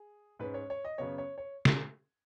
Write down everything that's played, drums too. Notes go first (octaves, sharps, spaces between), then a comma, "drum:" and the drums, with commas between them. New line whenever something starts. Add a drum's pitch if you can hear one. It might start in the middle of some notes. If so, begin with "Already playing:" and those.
Already playing: G#4
G#2 G#3 C#4 B4
C#5
C#5
D#5
F#2 C#3 B3 C#5
C#5
C#5
drum: snare